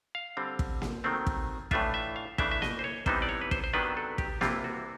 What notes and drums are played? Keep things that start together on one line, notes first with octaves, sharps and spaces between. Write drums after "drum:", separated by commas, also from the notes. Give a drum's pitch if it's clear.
F5
D3 G3 C4
drum: kick
drum: snare A#3
D#3 F#3 A3 C4
drum: kick
A2 E3 A3 D4 F4 E5, drum: kick
E5
F5
C#3 E3 A3 D4 E5, drum: kick
E5
D#5, drum: snare A#3
C5
C#5
C3 E3 G3 B3 D#4 C5, drum: kick
D5
C#5
B4
C5, drum: kick
C5
C3 D#3 F#3 B3 D4 B4
A4
G4, drum: kick
C3 E3 G3 C4 E4 F4, drum: snare A#3
F#4